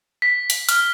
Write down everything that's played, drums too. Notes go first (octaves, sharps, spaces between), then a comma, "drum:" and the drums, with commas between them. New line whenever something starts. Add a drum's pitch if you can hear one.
B6
drum: hi-hat
F6, drum: hi-hat